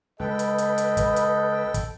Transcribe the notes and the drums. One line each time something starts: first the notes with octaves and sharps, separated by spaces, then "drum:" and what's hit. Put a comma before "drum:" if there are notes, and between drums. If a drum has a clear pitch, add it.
C#2 A4 B4 D#5 G5
drum: hi-hat
drum: hi-hat
drum: hi-hat
drum: kick, hi-hat
drum: hi-hat
drum: kick, hi-hat